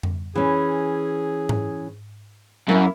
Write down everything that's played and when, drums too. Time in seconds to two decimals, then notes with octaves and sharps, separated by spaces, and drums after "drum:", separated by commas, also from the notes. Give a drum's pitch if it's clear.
0.03 drum: tom F2
0.36 E3 C#4 G#4
1.49 drum: tom G#2
2.69 F#2 A#3 E4